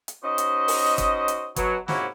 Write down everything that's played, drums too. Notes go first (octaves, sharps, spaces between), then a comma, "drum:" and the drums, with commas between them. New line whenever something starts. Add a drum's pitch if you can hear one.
drum: hi-hat
C#4 D#4 F#4 C5 D#5
drum: hi-hat
drum: open hi-hat
drum: kick, hi-hat
drum: hi-hat
B2 F#3, drum: kick, hi-hat
G#2 C3 A#3 C#4 E4 F#4, drum: snare